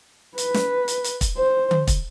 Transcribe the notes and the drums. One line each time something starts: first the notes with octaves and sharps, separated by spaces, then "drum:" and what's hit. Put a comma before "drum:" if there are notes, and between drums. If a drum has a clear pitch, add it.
B4, drum: hi-hat
drum: snare
drum: hi-hat
drum: hi-hat
drum: kick, hi-hat
C5
drum: tom D3
drum: kick, hi-hat